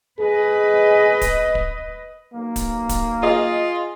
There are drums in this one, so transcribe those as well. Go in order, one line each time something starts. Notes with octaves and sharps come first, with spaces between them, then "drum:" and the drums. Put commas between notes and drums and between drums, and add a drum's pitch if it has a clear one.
G#4 B4 D#5
drum: kick, hi-hat
drum: kick
B1 A#3
drum: kick, hi-hat
drum: kick, hi-hat
F4 G#4 D#5 D#6